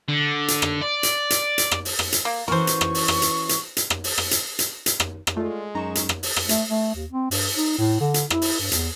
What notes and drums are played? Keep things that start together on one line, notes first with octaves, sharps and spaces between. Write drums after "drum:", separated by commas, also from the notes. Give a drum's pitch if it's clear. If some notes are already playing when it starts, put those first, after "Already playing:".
D3
drum: hi-hat
drum: rim click
D5
drum: hi-hat
drum: hi-hat
drum: hi-hat
drum: rim click
drum: open hi-hat
drum: rim click
drum: hi-hat
A#3
E3 C#4 F#4 A#4 C5 C#6
drum: hi-hat
drum: rim click
drum: open hi-hat
drum: rim click
drum: hi-hat
drum: hi-hat
drum: hi-hat
drum: rim click
drum: open hi-hat
drum: rim click
drum: hi-hat
drum: hi-hat
drum: hi-hat
drum: rim click
drum: rim click
G#3 A3 F4 D5
F#2 D#4 A#5 C#6 E7
drum: hi-hat
drum: rim click
drum: open hi-hat
drum: rim click
A3, drum: hi-hat
A3
D#2
C4
G2, drum: open hi-hat
D#4
A2
D3
drum: hi-hat
E4, drum: rim click
drum: open hi-hat
G2
E2, drum: hi-hat